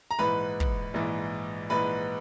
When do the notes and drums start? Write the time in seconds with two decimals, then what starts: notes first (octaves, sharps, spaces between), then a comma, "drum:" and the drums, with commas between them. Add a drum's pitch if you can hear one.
0.11 A#5
0.19 A#1 G#2 E3 B4 B5
0.60 drum: kick
0.94 A#1 G#2 E3
1.70 A#1 G#2 E3 B4 B5